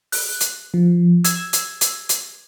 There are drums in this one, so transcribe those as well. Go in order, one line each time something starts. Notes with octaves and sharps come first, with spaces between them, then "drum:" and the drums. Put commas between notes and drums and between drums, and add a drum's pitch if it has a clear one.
F#6, drum: open hi-hat
drum: hi-hat
F3
E6 G#6, drum: hi-hat
drum: hi-hat
drum: hi-hat
drum: hi-hat